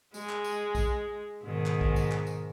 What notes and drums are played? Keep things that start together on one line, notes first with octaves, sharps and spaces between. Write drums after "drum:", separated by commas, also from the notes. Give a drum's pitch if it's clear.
G#3, drum: tambourine
drum: clap
drum: tambourine
drum: kick A#1, tambourine
G#2 B2 D#3
drum: clap
drum: kick A#1
drum: tambourine
drum: clap
drum: tambourine